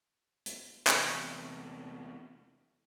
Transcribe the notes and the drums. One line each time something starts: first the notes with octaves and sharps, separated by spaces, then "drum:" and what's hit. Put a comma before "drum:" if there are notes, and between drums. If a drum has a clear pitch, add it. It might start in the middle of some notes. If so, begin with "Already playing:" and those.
drum: hi-hat
E2 C3, drum: clap